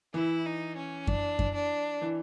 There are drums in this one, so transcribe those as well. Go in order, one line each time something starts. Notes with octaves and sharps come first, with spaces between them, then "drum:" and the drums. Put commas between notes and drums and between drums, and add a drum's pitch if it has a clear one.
E3 E4
D#4
C#4
D4, drum: kick F#2
drum: kick F#2
D4
E3